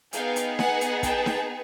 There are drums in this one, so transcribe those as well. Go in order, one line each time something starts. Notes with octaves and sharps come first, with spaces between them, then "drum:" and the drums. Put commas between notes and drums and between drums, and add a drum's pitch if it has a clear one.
B3 D#4 G#4 F5 G5, drum: hi-hat
drum: hi-hat
F#5 G#5, drum: snare D#4
drum: hi-hat
G5 A5, drum: kick, hi-hat
drum: snare D#4